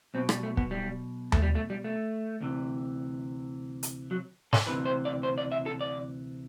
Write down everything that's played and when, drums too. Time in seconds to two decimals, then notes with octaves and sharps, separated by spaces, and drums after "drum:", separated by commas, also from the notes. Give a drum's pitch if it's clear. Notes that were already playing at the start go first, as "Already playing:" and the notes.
0.14 B1 B2 C4
0.29 G3, drum: rim click
0.43 A3
0.57 B3, drum: kick
0.71 G3
1.32 A3, drum: tom D#2
1.42 G3
1.55 A3
1.70 G3
1.84 A3
2.40 D2 C3 E3
3.83 drum: hi-hat
4.11 F#3
4.53 A4, drum: snare
4.66 D2 C3 E3 B4
4.85 C5
5.05 D5
5.23 C5
5.38 D5
5.52 E5
5.66 A4
5.81 D5